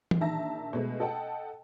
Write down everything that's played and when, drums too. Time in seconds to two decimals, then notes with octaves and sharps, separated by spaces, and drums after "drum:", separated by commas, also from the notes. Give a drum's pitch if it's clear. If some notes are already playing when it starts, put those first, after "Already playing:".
0.11 drum: tom E3
0.21 A#1 D#3 E5 A5 A#5 A#6
0.73 B2 G#3 A3
1.00 A4 D#5 F#5 G5 A5